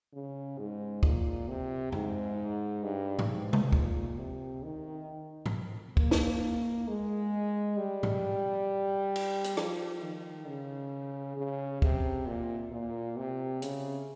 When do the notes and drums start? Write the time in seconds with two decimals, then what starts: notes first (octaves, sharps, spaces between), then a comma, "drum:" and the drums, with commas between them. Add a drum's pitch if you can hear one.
0.13 C#3
0.58 G#2
1.03 A#2, drum: kick
1.49 C3
1.92 G#2, drum: tom F2
2.83 G2
3.19 drum: tom G#2
3.28 G#2
3.53 drum: tom C3
3.72 A#2, drum: kick
4.18 C3
4.63 D#3
5.46 drum: tom G#2
5.97 A#3, drum: kick
6.11 drum: snare
6.88 G#3
7.77 G3
8.03 drum: tom G#2
9.16 drum: cymbal
9.44 drum: hi-hat
9.57 F3, drum: rim click
10.02 D#3
10.47 C#3
11.37 C#3
11.82 C3, drum: kick
12.26 A#2
12.72 A#2
13.17 C3
13.62 C#3, drum: hi-hat